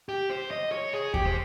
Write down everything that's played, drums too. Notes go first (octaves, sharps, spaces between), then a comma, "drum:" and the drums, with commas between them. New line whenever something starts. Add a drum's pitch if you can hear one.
G4
C5
D#5
C#5
G#4
G4, drum: kick D#2
C5